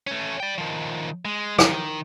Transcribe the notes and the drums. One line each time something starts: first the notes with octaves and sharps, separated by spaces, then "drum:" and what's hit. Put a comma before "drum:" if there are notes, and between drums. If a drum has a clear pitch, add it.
A3 C#4
D5 G5
D#3 F3
G#3
D#3, drum: rim click